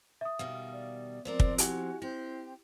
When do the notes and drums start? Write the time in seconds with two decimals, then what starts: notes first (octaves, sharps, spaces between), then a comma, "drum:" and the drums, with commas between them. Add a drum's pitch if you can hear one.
0.21 E5 D#6
0.39 B2 D#3 G3 F5
0.72 D5
1.25 F3 C4 A#4 C5 D5
1.40 drum: kick
1.58 E4 F#4 G4 G#5, drum: hi-hat
2.02 C4 E4 G4